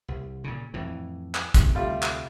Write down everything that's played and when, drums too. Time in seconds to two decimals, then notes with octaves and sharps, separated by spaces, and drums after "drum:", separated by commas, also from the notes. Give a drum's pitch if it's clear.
0.08 C2
0.44 A#2 C#3
0.74 F2 A2 E3
1.35 drum: clap
1.54 D2 C3 D#3, drum: kick, hi-hat
1.75 G3 A3 F4
2.02 drum: clap